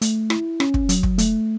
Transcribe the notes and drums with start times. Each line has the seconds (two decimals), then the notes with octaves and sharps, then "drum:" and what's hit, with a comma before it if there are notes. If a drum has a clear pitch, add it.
0.02 A3, drum: hi-hat
0.30 E4, drum: rim click
0.60 C#4, drum: rim click
0.74 drum: kick
0.89 F#3, drum: hi-hat
1.03 drum: kick
1.18 A3, drum: hi-hat